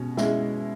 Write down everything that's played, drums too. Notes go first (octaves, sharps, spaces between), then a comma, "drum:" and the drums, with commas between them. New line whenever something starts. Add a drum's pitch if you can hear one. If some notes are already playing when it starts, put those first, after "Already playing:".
Already playing: B2 G#3 C#4
G#3 C#4 E4, drum: snare